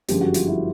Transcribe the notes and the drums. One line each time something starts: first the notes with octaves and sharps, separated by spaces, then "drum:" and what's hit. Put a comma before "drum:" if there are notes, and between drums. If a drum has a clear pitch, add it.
G1 F#2 D3 F3 G#3 G4, drum: hi-hat
F#4
F4, drum: hi-hat
E4 F#4